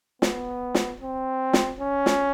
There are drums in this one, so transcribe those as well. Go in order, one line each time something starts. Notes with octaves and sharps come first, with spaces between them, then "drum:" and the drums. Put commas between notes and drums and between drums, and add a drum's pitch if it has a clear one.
B3, drum: snare
drum: snare
C4
drum: snare
C#4
drum: snare